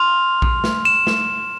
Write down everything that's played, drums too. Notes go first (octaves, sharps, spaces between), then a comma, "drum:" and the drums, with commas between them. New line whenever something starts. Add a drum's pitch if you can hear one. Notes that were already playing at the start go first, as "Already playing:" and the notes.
Already playing: C6 F6 F7
drum: kick A#1
drum: snare
E7
drum: snare